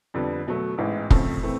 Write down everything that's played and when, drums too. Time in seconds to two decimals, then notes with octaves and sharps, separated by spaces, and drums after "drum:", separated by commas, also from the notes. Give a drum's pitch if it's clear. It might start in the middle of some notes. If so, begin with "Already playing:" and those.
0.14 F2 D3 G3 B3
0.47 B2 F#3 A3
0.78 A1 G#2 E3 G#3
1.10 F2 C#3 F3 A3 C4, drum: kick
1.43 E3 A3 C4